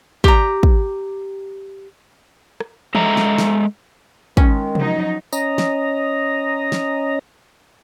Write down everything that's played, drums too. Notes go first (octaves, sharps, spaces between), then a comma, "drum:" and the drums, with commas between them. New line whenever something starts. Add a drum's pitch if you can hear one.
G4 A#5, drum: kick
drum: kick
drum: rim click
G#3 A4 E5 A#5, drum: tom E3
drum: snare
drum: snare
D#3 G#3 C#4, drum: kick
F3 F#3 D#4, drum: tom C3
C#4 D#5 A#5, drum: tambourine
drum: snare
drum: snare